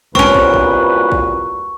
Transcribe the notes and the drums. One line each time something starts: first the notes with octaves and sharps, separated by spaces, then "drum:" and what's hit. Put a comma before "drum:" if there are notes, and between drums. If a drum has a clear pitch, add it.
C2 A#2 C4 C#4 F#4 B4 C#6, drum: kick
drum: kick
drum: kick
drum: kick